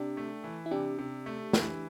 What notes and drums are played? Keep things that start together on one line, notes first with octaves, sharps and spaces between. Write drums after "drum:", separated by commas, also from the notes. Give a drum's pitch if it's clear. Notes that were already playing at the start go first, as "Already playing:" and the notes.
Already playing: C3 D4 G4
A3
E3
E4
C3 D4 G4
C3
A3
E3, drum: snare